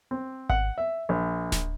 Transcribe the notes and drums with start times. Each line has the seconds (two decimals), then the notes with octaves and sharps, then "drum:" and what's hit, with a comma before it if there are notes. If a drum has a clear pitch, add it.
0.11 C4
0.50 F#5, drum: kick G#1
0.78 E5
1.09 A#1
1.52 drum: snare D1